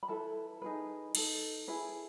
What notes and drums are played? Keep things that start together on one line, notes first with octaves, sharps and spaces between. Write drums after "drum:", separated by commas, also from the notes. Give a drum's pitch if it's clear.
B5
E4 A4 B4 A5
D#4 G#4 B4
D#4 A4, drum: cymbal
E4 G#4 B4